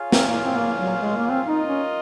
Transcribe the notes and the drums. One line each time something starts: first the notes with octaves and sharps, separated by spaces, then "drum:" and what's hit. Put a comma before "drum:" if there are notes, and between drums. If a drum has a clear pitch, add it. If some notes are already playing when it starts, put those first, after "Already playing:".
Already playing: F4 G#4 C#5 F5
C4, drum: snare
A#3
C4
A#3
F#3
G#3
A#3
C4
D#4 F4 A#4 D#5
C#4